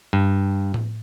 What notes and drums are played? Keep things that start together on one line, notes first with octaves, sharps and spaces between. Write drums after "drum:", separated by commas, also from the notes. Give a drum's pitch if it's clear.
G2
drum: tom A2